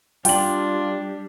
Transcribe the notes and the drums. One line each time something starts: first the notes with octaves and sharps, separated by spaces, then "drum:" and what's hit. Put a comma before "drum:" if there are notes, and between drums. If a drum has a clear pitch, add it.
G3 D4 F4 G5 F#7, drum: open hi-hat